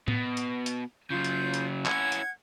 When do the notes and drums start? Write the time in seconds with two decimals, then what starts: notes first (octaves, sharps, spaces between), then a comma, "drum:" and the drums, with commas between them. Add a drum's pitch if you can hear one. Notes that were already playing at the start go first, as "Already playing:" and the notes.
0.08 B2, drum: tom
0.37 drum: hi-hat
0.66 drum: hi-hat
1.10 C#3 F#3 F4 G6
1.24 drum: hi-hat
1.54 drum: hi-hat
1.86 C#4 E4 F#5 G#6, drum: clap
2.12 drum: hi-hat